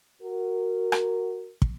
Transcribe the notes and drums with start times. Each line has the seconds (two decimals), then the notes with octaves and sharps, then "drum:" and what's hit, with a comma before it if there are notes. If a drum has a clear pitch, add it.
0.23 F#4 A#4
0.92 drum: rim click
1.62 drum: kick